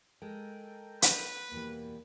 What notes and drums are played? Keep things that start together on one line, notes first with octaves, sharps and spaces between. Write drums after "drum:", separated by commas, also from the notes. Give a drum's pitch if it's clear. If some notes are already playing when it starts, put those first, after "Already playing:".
G#3 A4 A#4 G5
B4, drum: hi-hat
E2 B2 E3 G3 A#3